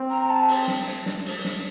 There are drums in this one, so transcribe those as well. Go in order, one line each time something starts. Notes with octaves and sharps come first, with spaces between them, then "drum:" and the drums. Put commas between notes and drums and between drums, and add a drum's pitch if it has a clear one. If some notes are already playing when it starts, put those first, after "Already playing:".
Already playing: C4
A#5
A5
drum: open hi-hat
drum: snare
drum: hi-hat
drum: snare
drum: open hi-hat
drum: snare